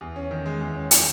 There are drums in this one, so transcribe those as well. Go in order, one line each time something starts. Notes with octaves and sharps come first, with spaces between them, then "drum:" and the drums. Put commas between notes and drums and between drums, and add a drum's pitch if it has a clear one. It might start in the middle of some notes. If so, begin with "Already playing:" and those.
E2
C#4
D#3
G#3
E2
C#4
D#3, drum: hi-hat